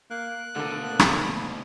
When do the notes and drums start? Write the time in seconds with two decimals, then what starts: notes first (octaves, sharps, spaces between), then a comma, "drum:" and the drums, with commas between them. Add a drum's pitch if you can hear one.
0.11 A#3 F#6
0.56 D2 B2 D3 A#3 A4
0.99 drum: rim click